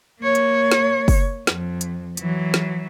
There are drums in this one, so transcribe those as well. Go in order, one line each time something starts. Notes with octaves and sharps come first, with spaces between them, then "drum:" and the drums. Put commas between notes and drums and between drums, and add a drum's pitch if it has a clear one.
A#3 C#5
drum: hi-hat
drum: snare
drum: kick F#1, open hi-hat
F2, drum: snare
drum: hi-hat
E3 F#3, drum: hi-hat
drum: snare